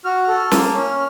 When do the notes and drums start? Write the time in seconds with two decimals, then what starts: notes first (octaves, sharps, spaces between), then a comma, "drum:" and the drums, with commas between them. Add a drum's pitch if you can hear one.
0.05 F#4 F6
0.28 A4
0.51 A#3, drum: snare
0.74 C#4